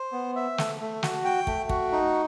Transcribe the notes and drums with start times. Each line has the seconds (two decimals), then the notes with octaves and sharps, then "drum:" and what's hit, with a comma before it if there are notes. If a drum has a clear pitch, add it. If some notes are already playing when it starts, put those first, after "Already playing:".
Already playing: C5
0.12 B3
0.36 E5
0.58 A3, drum: snare
0.81 A3
1.03 F#4, drum: snare
1.25 G5
1.47 A3, drum: kick
1.69 F#4, drum: kick
1.92 D#4